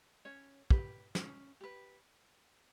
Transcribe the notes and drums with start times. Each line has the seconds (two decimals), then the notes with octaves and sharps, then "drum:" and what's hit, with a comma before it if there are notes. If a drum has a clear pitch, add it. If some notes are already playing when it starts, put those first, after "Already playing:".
0.25 C#4 C#5
0.70 G4 B4, drum: kick
1.15 C#4, drum: snare
1.61 G4 B4